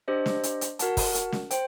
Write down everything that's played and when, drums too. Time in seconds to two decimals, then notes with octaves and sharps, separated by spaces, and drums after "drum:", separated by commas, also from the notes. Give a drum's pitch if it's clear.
0.08 D4 G4 C5 D#5
0.26 drum: snare
0.43 drum: hi-hat
0.61 drum: hi-hat
0.79 F#4 A#4 F#5 A5, drum: hi-hat
0.97 drum: kick, open hi-hat
1.15 drum: hi-hat
1.32 drum: snare
1.51 C5 G5, drum: hi-hat